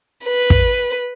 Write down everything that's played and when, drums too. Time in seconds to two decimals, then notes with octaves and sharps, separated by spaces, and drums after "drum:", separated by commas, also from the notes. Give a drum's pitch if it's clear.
0.24 B4
0.50 drum: kick